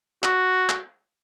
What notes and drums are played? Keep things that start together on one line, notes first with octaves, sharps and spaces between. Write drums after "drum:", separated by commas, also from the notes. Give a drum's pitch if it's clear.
F#4, drum: clap
drum: clap